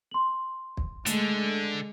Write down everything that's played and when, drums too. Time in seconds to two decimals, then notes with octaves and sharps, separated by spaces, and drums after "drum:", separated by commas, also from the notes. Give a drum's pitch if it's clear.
0.11 C6 F#7
0.77 drum: kick
1.06 D3 G#3 A3, drum: hi-hat